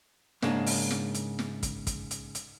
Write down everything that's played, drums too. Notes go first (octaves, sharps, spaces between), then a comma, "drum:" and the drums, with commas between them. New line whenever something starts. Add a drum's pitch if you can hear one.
G#2 C#3 G#3 A#3 D4, drum: snare
drum: open hi-hat
drum: snare
drum: hi-hat
drum: snare
drum: kick, hi-hat
drum: kick, hi-hat
drum: hi-hat
drum: hi-hat